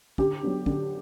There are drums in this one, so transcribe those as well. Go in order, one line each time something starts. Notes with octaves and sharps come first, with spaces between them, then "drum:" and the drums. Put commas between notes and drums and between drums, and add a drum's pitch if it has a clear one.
D3 G4, drum: kick
F#3 B3 D4
D3, drum: kick